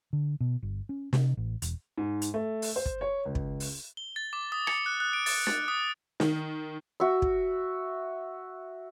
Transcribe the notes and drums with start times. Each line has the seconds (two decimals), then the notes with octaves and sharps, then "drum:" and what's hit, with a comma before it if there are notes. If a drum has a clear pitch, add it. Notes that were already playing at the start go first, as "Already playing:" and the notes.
0.13 D3
0.40 B2
0.63 G1
0.89 C#4
1.13 C3, drum: snare
1.37 A1
1.62 E1, drum: hi-hat
1.97 G#2
2.22 drum: hi-hat
2.34 A3
2.62 drum: open hi-hat
2.76 C5
2.86 drum: kick
3.01 C#5
3.26 C#2
3.35 drum: kick
3.60 drum: open hi-hat
3.97 G7
4.16 A6
4.33 D6
4.52 D#6
4.67 C#7, drum: rim click
4.86 F#6
5.00 F#6
5.13 D7
5.26 A6, drum: open hi-hat
5.47 A6, drum: snare
5.68 D#6
6.20 D#3, drum: snare
7.00 F#4 E5
7.22 drum: kick